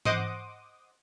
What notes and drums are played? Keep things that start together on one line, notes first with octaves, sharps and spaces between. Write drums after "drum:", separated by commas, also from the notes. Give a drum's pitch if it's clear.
C5 D#5 F#5 C6 D6 D#6, drum: tom G#2